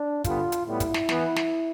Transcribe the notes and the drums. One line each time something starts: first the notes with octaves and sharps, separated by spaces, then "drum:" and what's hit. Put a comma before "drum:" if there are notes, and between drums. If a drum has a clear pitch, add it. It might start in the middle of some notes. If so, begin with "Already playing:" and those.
Already playing: D4
D3 G3 B3 F4, drum: kick, hi-hat
drum: hi-hat
A2 G3 B3 E4
drum: kick, hi-hat
drum: snare
E3 B3, drum: snare
drum: snare